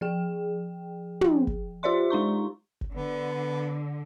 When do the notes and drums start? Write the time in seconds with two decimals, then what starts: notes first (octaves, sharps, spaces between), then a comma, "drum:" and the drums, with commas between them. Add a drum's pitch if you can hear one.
0.01 F3 G#4 G5
1.21 drum: tom
1.47 drum: kick
1.83 F4 G4 C5 D5 E5 C6
2.10 G#3 D#4 A#5 C#6
2.81 drum: kick
2.95 D3 B3